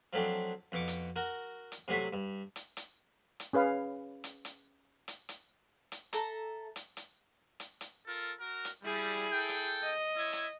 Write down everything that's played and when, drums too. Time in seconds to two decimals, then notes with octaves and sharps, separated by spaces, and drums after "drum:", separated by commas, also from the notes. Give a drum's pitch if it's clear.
0.13 F3 F#3 A3 C4 D4
0.72 F2 B2 C#6 D6
0.88 drum: hi-hat
1.16 F#4 A#4
1.72 drum: hi-hat
1.88 C3 F#3 A3 C5 E5
2.13 G2
2.56 drum: hi-hat
2.77 drum: hi-hat
3.40 drum: hi-hat
3.53 C#4 G#4 B4 F5
4.24 drum: hi-hat
4.45 drum: hi-hat
5.08 drum: hi-hat
5.29 drum: hi-hat
5.92 drum: hi-hat
6.13 A4 E5 A#5, drum: hi-hat
6.76 drum: hi-hat
6.97 drum: hi-hat
7.60 drum: hi-hat
7.81 drum: hi-hat
8.07 F4 A4 A#4
8.40 F#4 A#4
8.65 drum: hi-hat
8.84 G3 E4 G#4
9.31 A4 G5
9.49 drum: hi-hat
9.83 D#5
10.17 E4 C#5 E5
10.33 drum: hi-hat